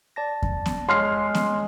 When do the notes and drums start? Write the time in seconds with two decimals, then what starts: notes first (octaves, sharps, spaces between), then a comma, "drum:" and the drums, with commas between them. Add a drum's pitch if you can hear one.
0.16 D5 A5 A#6
0.43 drum: kick F2
0.66 drum: snare B3
0.89 G#3 C#5 C6 F6 C7
1.35 drum: snare B3